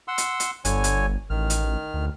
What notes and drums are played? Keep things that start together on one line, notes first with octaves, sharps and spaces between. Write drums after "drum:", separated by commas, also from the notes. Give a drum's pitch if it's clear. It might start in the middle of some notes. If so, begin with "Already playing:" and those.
F#5 C6 E6
drum: hi-hat
drum: hi-hat
G1 D3 C#5 G#5, drum: hi-hat
drum: hi-hat
A1 D#3 F6
drum: hi-hat
D2